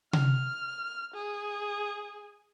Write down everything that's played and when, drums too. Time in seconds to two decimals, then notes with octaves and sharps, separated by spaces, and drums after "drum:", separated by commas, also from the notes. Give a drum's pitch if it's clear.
0.13 F6, drum: tom C3
1.14 G#4